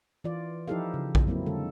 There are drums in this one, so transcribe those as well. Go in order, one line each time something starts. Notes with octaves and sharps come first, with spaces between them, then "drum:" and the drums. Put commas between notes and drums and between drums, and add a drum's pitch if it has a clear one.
E3 F4 D5
F3 D#4 E4 G4 A4 F5
C#3
drum: kick A#1
F#3 A#3 C4 E4
D3 G#3 A4